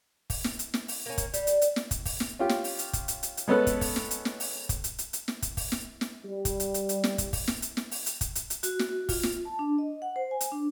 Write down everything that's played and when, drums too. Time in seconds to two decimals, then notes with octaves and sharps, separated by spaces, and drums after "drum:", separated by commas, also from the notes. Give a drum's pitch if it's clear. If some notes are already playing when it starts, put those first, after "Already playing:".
0.30 drum: kick, open hi-hat
0.44 drum: snare
0.59 drum: hi-hat
0.74 drum: snare
0.88 drum: open hi-hat
1.06 A#3 C#4
1.18 drum: kick, hi-hat
1.34 G3, drum: hi-hat
1.47 drum: hi-hat
1.62 drum: hi-hat
1.76 drum: snare
1.91 drum: kick, hi-hat
2.05 drum: kick, open hi-hat
2.20 drum: snare
2.39 C#4 F4 G4
2.49 drum: snare
2.64 drum: open hi-hat
2.79 drum: hi-hat
2.93 drum: kick, hi-hat
3.08 drum: hi-hat
3.23 drum: hi-hat
3.37 drum: hi-hat
3.48 G#3 B3 C#4 A4 B4
3.67 drum: kick, hi-hat
3.81 drum: kick, open hi-hat
3.96 drum: snare
4.11 drum: hi-hat
4.25 drum: snare
4.40 drum: open hi-hat
4.69 drum: kick, hi-hat
4.84 drum: hi-hat
4.98 drum: hi-hat
5.13 drum: hi-hat
5.28 drum: snare
5.42 drum: kick, hi-hat
5.57 drum: kick, open hi-hat
5.72 drum: snare
6.01 drum: snare
6.25 G3
6.45 drum: kick, hi-hat
6.60 drum: hi-hat
6.74 drum: hi-hat
6.89 drum: hi-hat
7.04 drum: snare
7.18 drum: kick, hi-hat
7.33 drum: kick, open hi-hat
7.48 drum: snare
7.62 drum: hi-hat
7.77 drum: snare
7.91 drum: open hi-hat
8.06 drum: hi-hat
8.21 drum: kick, hi-hat
8.35 drum: hi-hat
8.50 drum: hi-hat
8.63 F#4, drum: hi-hat
8.79 drum: snare
8.89 F#4
9.09 F4, drum: kick, open hi-hat
9.23 drum: snare
9.45 A5
9.59 D4
9.78 D#5
10.02 F#5
10.16 C5
10.31 G#5
10.41 drum: hi-hat
10.52 D4